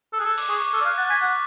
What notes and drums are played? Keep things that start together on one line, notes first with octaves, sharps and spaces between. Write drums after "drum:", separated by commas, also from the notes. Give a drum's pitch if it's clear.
A4
G#4 F#6
A4 G#6
D6, drum: cymbal
G#4 C#6
D6
A4 F6
D5
F5 F#6
F#5 A6
G#5 B6
F#5